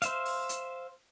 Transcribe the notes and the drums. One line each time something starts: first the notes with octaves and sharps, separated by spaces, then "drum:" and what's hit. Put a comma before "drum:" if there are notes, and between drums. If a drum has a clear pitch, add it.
C5 E5 F5, drum: hi-hat
drum: open hi-hat
drum: hi-hat